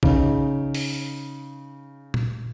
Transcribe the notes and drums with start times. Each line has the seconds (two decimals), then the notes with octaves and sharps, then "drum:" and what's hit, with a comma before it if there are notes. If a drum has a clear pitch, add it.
0.03 C#3 D#4, drum: kick B1
0.75 drum: open hi-hat
2.14 drum: tom A#2